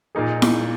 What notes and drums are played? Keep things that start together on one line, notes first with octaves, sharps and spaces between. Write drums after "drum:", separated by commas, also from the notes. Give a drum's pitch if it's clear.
A#2 A#3 D#4 G#4
drum: snare E4